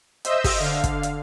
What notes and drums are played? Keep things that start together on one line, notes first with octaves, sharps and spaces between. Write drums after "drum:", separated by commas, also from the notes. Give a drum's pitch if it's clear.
C5 D#5 E5 E6 G6, drum: hi-hat
drum: kick, open hi-hat
D3 F5
drum: kick, hi-hat
drum: hi-hat